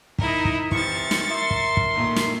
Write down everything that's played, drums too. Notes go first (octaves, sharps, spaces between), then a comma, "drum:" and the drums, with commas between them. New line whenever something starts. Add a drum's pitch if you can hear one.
D#4 E4 A#4, drum: kick
drum: kick
C3 E3 F3 C#6 A6, drum: kick
drum: snare
A#4 E5 C6
drum: kick
drum: kick
A#2 D#3 A3
drum: snare